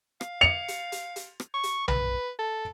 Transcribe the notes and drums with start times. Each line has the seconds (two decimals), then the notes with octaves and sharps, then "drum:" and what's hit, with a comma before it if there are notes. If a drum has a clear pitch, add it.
0.21 F5, drum: rim click
0.41 C#7 F7
0.68 drum: hi-hat
0.92 drum: hi-hat
1.16 drum: hi-hat
1.40 drum: rim click
1.54 C#6
1.63 drum: hi-hat
1.88 B4, drum: tom B1
2.39 A4